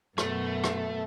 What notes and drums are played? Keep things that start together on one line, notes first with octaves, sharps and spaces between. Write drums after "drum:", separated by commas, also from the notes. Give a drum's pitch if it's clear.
F#2 B2 A3, drum: rim click
drum: rim click